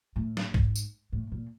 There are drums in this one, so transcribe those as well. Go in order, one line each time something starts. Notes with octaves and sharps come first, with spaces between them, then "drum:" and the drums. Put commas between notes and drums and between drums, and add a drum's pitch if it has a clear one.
A2
drum: snare
G#2, drum: kick
drum: tambourine
A2
A#2